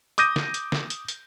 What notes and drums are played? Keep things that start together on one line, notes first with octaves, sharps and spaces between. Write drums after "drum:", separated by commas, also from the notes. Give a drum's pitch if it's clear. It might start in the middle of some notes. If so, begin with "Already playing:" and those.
D6 D#6 G6 A#6 D#7, drum: hi-hat
drum: snare
drum: hi-hat
drum: snare
drum: hi-hat
drum: hi-hat